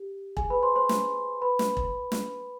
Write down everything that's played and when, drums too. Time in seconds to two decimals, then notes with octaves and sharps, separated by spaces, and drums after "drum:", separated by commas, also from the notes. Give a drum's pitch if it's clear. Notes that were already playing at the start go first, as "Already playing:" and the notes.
Already playing: G4
0.37 G#4 G#5, drum: kick E1
0.50 B4 B5
0.63 C5 C6
0.76 C5 C6
0.89 drum: snare
1.42 B4 B5
1.59 drum: snare
1.77 drum: kick E1
2.12 drum: snare